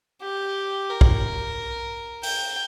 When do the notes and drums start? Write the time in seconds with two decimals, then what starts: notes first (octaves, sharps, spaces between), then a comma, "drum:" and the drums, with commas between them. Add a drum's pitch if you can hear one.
0.22 G4
0.89 A#4
1.01 drum: kick
2.23 G5, drum: open hi-hat